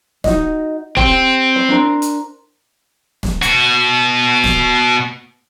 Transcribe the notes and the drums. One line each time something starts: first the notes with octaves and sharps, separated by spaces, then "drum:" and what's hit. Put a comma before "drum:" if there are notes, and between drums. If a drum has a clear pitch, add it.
D#4 F#4 D#5, drum: snare
C4 G4, drum: kick
B4
D4 A#4 C5
drum: hi-hat
drum: snare
B2 F#4, drum: hi-hat
drum: snare